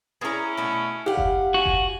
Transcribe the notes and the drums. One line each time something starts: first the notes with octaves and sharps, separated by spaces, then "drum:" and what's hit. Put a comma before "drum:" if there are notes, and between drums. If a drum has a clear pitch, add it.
C#4 E4 G#4 A#5
B2 A3
G4 F5 F#5
drum: kick F#1
F#4 G#5
drum: kick F#1